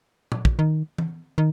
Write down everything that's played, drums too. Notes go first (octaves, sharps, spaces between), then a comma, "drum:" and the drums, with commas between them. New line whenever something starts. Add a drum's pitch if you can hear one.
drum: tom A#2
drum: kick
D#3
drum: tom E3
D#3